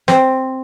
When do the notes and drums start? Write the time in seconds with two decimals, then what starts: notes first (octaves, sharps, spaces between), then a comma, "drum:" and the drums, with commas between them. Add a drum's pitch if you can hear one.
0.08 C4, drum: snare